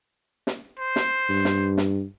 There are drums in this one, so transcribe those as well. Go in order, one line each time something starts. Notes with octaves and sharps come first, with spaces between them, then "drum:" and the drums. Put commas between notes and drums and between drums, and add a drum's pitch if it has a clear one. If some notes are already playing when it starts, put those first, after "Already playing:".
drum: snare
C5
drum: snare
G2
drum: snare
drum: snare